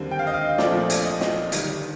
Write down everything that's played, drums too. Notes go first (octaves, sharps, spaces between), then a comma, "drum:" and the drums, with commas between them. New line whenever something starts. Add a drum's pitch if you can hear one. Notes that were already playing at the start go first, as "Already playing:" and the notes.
Already playing: D#2 D3 G3 C4
G5
F5
D#5
F5
A#1 A#2 F3 A3 C4 D5, drum: snare
drum: hi-hat
D#5
drum: snare
G1 G2 D#3 G3, drum: hi-hat